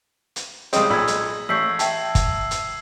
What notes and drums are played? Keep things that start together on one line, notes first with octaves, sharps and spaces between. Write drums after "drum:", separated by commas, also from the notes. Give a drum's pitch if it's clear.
drum: hi-hat
C#2 G3 C4 G#4 D#5 D#6, drum: hi-hat
B1 A#2 B5 E6 G#6
drum: hi-hat
A1 C#6 E6 G6 B6 C7
E5 G5 A5, drum: hi-hat
drum: kick, hi-hat
drum: hi-hat